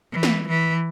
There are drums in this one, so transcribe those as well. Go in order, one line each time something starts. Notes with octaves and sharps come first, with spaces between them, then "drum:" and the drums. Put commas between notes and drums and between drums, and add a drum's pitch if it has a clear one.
E3
drum: snare
E3